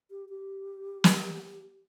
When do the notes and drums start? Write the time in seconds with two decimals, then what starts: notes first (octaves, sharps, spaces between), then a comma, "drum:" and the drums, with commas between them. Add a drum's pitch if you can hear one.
0.11 G4
0.29 G4
1.04 drum: snare